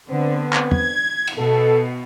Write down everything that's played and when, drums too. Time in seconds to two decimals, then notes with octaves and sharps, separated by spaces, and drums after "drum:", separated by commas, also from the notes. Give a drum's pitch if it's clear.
0.10 D3 B3 C4
0.53 drum: clap
0.71 G#6, drum: tom
1.27 drum: cymbal
1.38 B2 A4